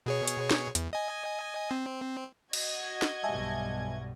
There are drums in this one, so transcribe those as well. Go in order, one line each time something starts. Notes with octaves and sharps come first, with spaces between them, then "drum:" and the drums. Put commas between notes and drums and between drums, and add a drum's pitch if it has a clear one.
B2 G#4 C#5
drum: hi-hat
drum: snare
E2, drum: hi-hat
D#5 G#5
C4
F#4 D#5 G#6, drum: cymbal
drum: snare
B1 G2 G3 E5 G#5 A5